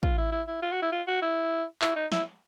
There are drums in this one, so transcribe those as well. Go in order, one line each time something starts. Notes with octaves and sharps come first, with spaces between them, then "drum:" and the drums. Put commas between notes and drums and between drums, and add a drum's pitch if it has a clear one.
F4, drum: kick
E4
E4
E4
F4
F#4
E4
F4
F#4
E4
E4, drum: clap
D#4
E4, drum: snare